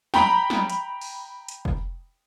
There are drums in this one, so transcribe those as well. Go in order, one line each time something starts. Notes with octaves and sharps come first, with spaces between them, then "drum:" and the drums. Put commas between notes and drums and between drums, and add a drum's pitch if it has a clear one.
G5 A#5 B5, drum: snare
drum: snare
drum: hi-hat
drum: open hi-hat
drum: hi-hat
drum: kick